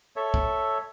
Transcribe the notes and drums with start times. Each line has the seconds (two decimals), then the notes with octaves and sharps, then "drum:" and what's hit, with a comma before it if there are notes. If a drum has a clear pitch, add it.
0.16 A4 C#5 E5
0.34 drum: kick